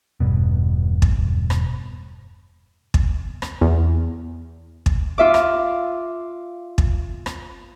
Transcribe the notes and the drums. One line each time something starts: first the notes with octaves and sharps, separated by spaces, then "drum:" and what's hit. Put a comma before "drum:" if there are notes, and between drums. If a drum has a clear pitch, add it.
E1 G2 B2
drum: kick
drum: rim click
drum: kick
drum: rim click
E2
drum: kick
F4 E5 D6
drum: rim click
drum: kick
drum: rim click